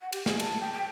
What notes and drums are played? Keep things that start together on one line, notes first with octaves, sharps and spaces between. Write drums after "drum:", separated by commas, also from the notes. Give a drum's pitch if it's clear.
F#5
G4, drum: cymbal
G#4, drum: snare
A5, drum: cymbal
G5
G5